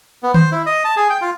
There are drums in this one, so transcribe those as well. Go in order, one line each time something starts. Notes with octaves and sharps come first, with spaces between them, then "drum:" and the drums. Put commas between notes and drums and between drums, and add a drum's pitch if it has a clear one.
B3
C5, drum: tom D#3
E4
D#5
A5
G#4
G5
F4